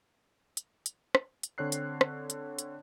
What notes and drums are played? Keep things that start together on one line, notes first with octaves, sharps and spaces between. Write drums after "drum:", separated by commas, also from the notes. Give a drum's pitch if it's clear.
drum: hi-hat
drum: hi-hat
drum: rim click
drum: hi-hat
D3 C4 C#5 F#6 C7
drum: hi-hat
drum: rim click
drum: hi-hat
drum: hi-hat